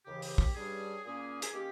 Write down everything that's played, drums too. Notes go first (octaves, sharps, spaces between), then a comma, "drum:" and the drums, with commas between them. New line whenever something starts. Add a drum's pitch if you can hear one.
D#2 C#3 E3 G4
G4, drum: open hi-hat
G4, drum: kick
G2 G3 C#4 G#4
A#2 A#3 C#4 G#4
G#4, drum: hi-hat
D#3 A#3 C#4 G4